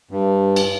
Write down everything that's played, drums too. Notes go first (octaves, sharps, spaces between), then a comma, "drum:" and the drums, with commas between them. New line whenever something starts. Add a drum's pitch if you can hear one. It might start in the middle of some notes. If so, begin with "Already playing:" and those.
G2
drum: cymbal